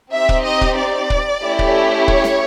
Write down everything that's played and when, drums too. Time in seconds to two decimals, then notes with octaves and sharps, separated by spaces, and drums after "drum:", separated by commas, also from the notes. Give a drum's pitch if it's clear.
0.13 C4 D#4 G4 E5
0.29 drum: kick
0.45 D#5
0.61 drum: kick
0.78 D5
1.10 drum: kick
1.43 A3 C#4 E4 G4
1.59 drum: kick
2.08 C#5, drum: kick
2.24 drum: snare